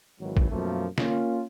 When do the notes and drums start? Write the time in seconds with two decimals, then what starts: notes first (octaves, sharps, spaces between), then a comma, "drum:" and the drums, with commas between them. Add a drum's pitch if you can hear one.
0.20 G#1 D#3 E3 F#3
0.37 drum: kick
0.50 F#2 B2 F3 A3 A#3
0.98 A#3 C#4 F4, drum: snare